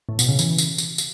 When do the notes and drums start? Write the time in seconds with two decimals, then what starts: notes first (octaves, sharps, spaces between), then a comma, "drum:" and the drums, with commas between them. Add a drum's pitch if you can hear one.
0.09 A2
0.19 B2, drum: tambourine
0.29 C#3
0.39 E3, drum: tambourine
0.58 drum: tambourine
0.78 drum: tambourine
0.98 drum: tambourine